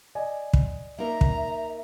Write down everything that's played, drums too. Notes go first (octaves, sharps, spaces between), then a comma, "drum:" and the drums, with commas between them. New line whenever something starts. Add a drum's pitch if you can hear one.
D5 D#5 G#5
drum: kick
A#3 D#4 A#4 E5 A#5
drum: kick